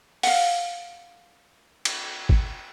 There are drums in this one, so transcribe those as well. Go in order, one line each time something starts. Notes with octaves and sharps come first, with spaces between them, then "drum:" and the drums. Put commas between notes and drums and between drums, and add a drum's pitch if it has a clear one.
F5 F#5, drum: open hi-hat
drum: cymbal
drum: kick